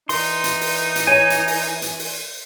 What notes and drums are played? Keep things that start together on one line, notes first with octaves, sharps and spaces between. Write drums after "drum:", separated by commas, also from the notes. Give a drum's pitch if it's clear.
E3 D#4 C6, drum: open hi-hat
drum: hi-hat
drum: open hi-hat
drum: hi-hat
C#5 G#5
drum: hi-hat
drum: open hi-hat
drum: hi-hat
drum: open hi-hat